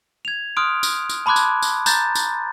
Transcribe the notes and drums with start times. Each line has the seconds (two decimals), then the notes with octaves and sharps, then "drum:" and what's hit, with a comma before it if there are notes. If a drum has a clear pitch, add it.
0.25 G#6 F7
0.57 C6 D#6 F6 F#6 D7
0.83 drum: tambourine
1.10 drum: tambourine
1.26 A5 B5 C6 D6 F#6 G#6
1.36 drum: tambourine
1.62 drum: tambourine
1.86 A#5 G6 A6, drum: tambourine
2.15 drum: tambourine